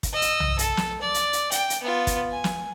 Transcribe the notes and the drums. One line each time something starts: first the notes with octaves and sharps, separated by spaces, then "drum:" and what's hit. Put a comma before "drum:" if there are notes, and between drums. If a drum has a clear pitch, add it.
drum: kick, hi-hat
D#5 E6
drum: hi-hat
drum: tom
A4, drum: hi-hat
drum: snare
D5
drum: hi-hat
drum: hi-hat
G5, drum: hi-hat
drum: hi-hat
B3 F4
drum: kick, hi-hat
G#5
drum: snare